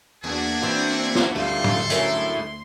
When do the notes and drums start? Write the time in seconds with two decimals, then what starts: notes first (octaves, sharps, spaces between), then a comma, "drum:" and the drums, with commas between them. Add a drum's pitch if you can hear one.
0.24 E2 A#3 D4 E4 F#4 G#4
0.63 E3 C4
1.15 drum: snare
1.36 D2 G3 A3 F4 A4 C6
1.64 drum: tom
1.90 F#3 A3 C#4 E4 A#4, drum: hi-hat